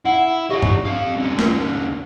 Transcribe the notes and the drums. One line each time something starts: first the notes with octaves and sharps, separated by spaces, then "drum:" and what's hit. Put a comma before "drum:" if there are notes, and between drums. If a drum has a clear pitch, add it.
E4 F#5
D4 G4 D#5 G#5
drum: tom G2
C4 D4 F5
C2 D3
A#4 B4, drum: snare